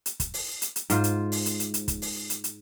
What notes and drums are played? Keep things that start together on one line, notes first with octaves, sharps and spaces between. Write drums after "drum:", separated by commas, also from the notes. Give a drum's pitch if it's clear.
drum: hi-hat
drum: kick, hi-hat
drum: open hi-hat
drum: hi-hat
drum: hi-hat
G#2 F4 C5, drum: hi-hat
drum: hi-hat
drum: open hi-hat
drum: hi-hat
drum: hi-hat
drum: hi-hat
drum: kick, hi-hat
drum: open hi-hat
drum: hi-hat
drum: hi-hat